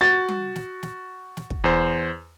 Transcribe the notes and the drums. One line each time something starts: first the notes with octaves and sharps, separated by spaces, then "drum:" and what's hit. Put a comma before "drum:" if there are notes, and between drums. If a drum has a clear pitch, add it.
F#4 A6
drum: tom G3
drum: snare
drum: snare
drum: snare
drum: kick
E2 C5